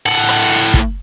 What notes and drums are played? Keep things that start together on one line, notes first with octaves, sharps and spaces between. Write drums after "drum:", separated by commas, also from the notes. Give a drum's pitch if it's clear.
A2 F#5, drum: hi-hat
drum: rim click
drum: hi-hat
drum: kick